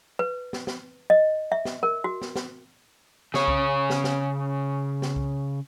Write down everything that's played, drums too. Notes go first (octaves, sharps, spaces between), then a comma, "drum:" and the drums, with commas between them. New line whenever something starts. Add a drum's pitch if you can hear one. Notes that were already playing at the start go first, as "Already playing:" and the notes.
B4
drum: snare
drum: snare
D#5
E5
drum: snare
A#4
F#4
drum: snare
drum: snare
C#3 C#5, drum: snare
drum: kick C2
drum: snare
drum: snare
drum: snare
drum: kick C2